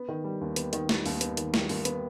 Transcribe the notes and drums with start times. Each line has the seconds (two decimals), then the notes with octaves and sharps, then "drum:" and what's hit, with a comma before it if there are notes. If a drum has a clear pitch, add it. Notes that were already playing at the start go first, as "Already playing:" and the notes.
Already playing: B3
0.09 D#3
0.24 G3
0.41 D#2
0.56 B3, drum: hi-hat
0.73 D#3, drum: hi-hat
0.89 G3, drum: snare
1.06 D#2, drum: open hi-hat
1.21 B3, drum: hi-hat
1.37 D#3, drum: hi-hat
1.54 G3, drum: snare
1.69 D#2, drum: open hi-hat
1.85 B3, drum: hi-hat